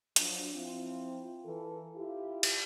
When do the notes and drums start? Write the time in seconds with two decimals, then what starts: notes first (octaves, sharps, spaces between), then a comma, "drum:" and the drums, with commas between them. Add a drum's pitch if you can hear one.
0.16 F3 F#3 D4, drum: hi-hat
0.53 F3 C4 E4 F4
1.44 E3 A4 A#4
1.94 E4 F4 G4
2.43 drum: cymbal